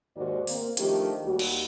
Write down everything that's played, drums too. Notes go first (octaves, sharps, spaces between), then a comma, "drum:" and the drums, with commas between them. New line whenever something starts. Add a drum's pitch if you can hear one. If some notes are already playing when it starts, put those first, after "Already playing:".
D#2 G#2 D#3 F#4 C5 D5
A#3 C4, drum: open hi-hat
D#3 F3 A3 D4 G4, drum: hi-hat
D#2 G3 F#4
drum: cymbal